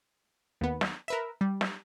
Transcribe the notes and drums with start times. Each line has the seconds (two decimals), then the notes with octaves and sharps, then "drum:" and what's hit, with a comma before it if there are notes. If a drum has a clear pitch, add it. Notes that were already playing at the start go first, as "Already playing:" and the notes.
0.61 D#2 B3
0.81 drum: snare
1.08 A#4 B4 E5
1.41 G3
1.61 drum: snare